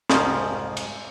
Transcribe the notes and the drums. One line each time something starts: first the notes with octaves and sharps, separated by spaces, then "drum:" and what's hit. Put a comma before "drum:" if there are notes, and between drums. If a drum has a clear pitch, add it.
C2 F2 G#2 C#3 F3, drum: snare
drum: cymbal